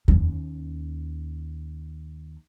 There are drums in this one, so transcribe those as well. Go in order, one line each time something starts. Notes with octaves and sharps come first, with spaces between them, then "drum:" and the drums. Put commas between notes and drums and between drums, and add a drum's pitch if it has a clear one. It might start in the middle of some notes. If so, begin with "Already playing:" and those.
D#2 C#4, drum: kick F2